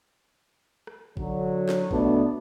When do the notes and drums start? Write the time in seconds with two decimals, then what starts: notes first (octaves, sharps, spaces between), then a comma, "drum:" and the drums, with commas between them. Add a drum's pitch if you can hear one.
0.87 drum: rim click
1.17 D3 F#3, drum: kick
1.69 drum: snare
1.91 B2 A3 B3 D4, drum: kick